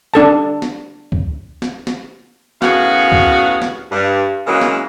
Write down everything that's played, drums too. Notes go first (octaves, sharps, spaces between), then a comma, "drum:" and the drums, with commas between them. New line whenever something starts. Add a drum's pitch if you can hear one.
D4 A4 A5
drum: snare
drum: kick C#2
drum: snare
drum: snare
F#2 A2 B3 F#4 G#4 F5, drum: snare
drum: kick C#2
drum: snare
G2
C#3 E3 F#3 G#3 A#3
drum: snare